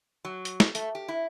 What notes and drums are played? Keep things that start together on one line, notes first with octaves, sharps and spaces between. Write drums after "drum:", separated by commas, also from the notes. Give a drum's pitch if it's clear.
F#3
drum: hi-hat
drum: snare
A3, drum: hi-hat
G4
E4